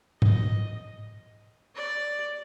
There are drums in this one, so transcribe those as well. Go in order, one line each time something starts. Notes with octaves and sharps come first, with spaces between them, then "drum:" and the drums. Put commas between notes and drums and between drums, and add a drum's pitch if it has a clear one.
D#5, drum: tom G#2
D5